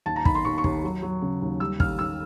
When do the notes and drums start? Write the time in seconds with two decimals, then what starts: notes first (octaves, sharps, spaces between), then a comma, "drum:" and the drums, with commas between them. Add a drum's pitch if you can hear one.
0.06 D#2 A5
0.16 A#5
0.25 D#3 B5, drum: kick
0.35 C6
0.45 D#2 C#6
0.58 C#6
0.64 D#2, drum: kick
0.84 F#3
1.02 F#3
1.22 C#3
1.42 D#2
1.60 G3 E6
1.80 D#2 F6, drum: kick
1.99 D#2 E6